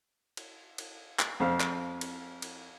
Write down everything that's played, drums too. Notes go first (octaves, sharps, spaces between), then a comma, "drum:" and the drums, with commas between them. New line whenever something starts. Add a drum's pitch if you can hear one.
drum: cymbal
drum: cymbal
drum: clap
F2 C5 F5 F6
drum: clap
drum: cymbal
drum: cymbal